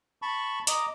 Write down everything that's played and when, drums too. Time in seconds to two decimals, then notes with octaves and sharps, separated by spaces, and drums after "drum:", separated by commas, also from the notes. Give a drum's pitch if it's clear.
0.22 A5 B5 C#6
0.67 D#5 A#5 D6, drum: hi-hat